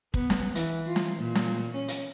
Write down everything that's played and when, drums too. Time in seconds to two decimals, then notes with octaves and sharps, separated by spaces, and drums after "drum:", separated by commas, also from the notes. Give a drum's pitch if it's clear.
0.14 B3, drum: kick
0.30 drum: snare
0.55 E3, drum: hi-hat
0.87 F4
0.96 drum: snare
1.18 A#2
1.35 drum: snare
1.75 C#4
1.88 drum: hi-hat